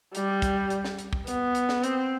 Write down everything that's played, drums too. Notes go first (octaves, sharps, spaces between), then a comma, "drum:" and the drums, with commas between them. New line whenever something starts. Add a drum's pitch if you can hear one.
G3, drum: hi-hat
drum: kick, hi-hat
drum: hi-hat
drum: snare
drum: hi-hat
drum: kick
B3, drum: hi-hat
drum: hi-hat
drum: snare
C4, drum: hi-hat